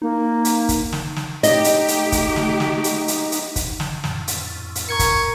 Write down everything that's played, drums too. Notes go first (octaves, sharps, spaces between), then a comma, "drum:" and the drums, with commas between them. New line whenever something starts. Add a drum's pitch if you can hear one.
A#3 D#4
drum: hi-hat
drum: kick, hi-hat
drum: snare
drum: snare
A3 D#4 G4 D#5, drum: hi-hat
drum: hi-hat
drum: hi-hat
drum: kick, hi-hat
drum: snare
drum: snare
drum: hi-hat
drum: hi-hat
drum: hi-hat
drum: kick, hi-hat
drum: snare
F2 A2, drum: snare
drum: hi-hat
drum: hi-hat
A#4 C#6 G#6 C#7
drum: kick, hi-hat